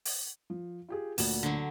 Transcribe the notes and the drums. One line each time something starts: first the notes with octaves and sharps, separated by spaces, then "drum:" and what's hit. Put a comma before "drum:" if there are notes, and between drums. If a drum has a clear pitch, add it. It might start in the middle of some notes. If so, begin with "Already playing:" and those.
drum: open hi-hat
F3
F4 G4 G#4
D2 A#2 A5, drum: open hi-hat
D3 F#3